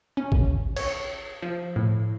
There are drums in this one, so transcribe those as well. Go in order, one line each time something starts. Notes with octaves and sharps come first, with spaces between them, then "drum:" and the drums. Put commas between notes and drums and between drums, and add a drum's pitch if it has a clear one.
C#4
drum: kick
C#5, drum: cymbal
F3
A2